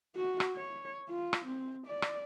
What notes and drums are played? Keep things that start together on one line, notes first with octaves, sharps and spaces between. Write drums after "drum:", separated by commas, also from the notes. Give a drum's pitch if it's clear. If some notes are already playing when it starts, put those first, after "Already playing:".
F#4
drum: rim click
C#5
F4
drum: rim click
C4
D5
drum: rim click